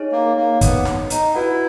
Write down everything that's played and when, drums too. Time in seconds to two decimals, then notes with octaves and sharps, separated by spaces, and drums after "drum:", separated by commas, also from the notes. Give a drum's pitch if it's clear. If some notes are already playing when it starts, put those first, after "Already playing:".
Already playing: D#4 G#4 C#5
0.12 A#3
0.37 A#3
0.61 B3, drum: kick, hi-hat
0.85 drum: snare
1.10 D#4, drum: hi-hat
1.34 E4 F#4 B4 F#5